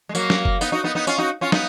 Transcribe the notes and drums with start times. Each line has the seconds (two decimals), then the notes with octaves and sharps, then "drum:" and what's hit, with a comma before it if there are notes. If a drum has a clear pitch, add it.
0.09 G#3
0.15 F#3 A#3, drum: tambourine
0.30 drum: snare
0.45 drum: kick F#1
0.61 B3 D#4, drum: tambourine
0.72 D#4 F#4
0.84 B3 D#4
0.95 B3 D#4
1.07 C#4 F4, drum: tambourine
1.18 D#4 F#4
1.41 C#4 F4
1.52 B3 D#4, drum: snare